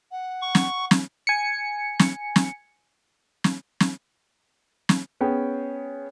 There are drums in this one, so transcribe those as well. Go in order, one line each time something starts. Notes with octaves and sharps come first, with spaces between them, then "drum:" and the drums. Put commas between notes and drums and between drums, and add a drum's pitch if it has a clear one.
F#5
C#6
drum: snare
drum: snare
G#5 C#7
drum: snare
drum: snare
drum: snare
drum: snare
drum: snare
B3 C#4 G#4 G5